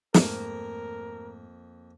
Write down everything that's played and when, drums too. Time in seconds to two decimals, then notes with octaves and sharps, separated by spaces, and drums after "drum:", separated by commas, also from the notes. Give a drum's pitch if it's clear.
0.14 F2 G#2 A3 A#3 A#4, drum: snare